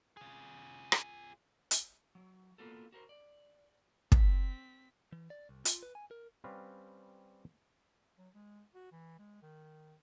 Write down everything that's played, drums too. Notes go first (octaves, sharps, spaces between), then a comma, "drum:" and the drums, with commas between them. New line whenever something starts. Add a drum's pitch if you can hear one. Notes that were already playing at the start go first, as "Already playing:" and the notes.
F4 G#4
drum: rim click
drum: hi-hat
F#3
A#3 B3 F4 F#4 A4
F#4 A#4 C5
D5
C4 B6, drum: kick
E3
D5
C2
F4, drum: hi-hat
B4
G#5
A#4
G3 C4 C#4 B4 F5
F#3
G#3
F#4
E3
G#3
D#3